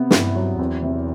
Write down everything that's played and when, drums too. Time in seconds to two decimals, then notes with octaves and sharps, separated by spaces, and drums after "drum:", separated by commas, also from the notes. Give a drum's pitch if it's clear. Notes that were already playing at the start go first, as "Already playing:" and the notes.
Already playing: C3 B3
0.11 G2 E4, drum: snare
0.35 F#3
0.59 E2 C4
0.83 C3